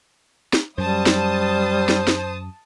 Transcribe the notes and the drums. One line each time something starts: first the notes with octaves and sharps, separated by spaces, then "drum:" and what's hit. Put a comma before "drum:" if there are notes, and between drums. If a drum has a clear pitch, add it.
drum: snare
F#2 G3 C5 A5 D#6
drum: snare
drum: snare
drum: snare